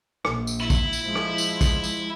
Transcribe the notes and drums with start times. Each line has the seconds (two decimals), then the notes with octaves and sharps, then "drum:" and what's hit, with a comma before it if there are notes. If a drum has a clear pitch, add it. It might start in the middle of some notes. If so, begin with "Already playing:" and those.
0.25 A#1, drum: rim click
0.47 drum: tambourine
0.60 E4
0.70 drum: kick, tambourine
0.93 drum: tambourine
1.02 F3 G#3
1.15 drum: rim click
1.38 drum: tambourine
1.61 drum: kick, tambourine
1.84 drum: tambourine